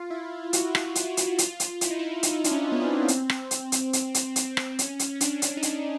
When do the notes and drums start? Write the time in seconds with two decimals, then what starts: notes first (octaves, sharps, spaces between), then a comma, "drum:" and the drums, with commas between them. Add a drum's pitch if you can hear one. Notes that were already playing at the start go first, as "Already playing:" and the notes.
Already playing: F4
0.10 E4
0.53 F#4, drum: hi-hat
0.75 drum: rim click
0.95 F4, drum: hi-hat
1.17 drum: hi-hat
1.38 F4, drum: hi-hat
1.60 drum: hi-hat
1.81 E4, drum: hi-hat
1.90 D#4
1.99 E4
2.23 D#4, drum: hi-hat
2.44 D4, drum: hi-hat
2.51 C#4
2.72 B3
2.81 C4
3.08 drum: hi-hat
3.30 drum: rim click
3.51 drum: hi-hat
3.72 drum: hi-hat
3.93 drum: hi-hat
4.14 drum: hi-hat
4.36 drum: hi-hat
4.57 drum: rim click
4.79 C#4, drum: hi-hat
4.99 drum: hi-hat
5.15 C#4
5.21 D4, drum: hi-hat
5.42 drum: hi-hat
5.57 D#4
5.63 D4, drum: hi-hat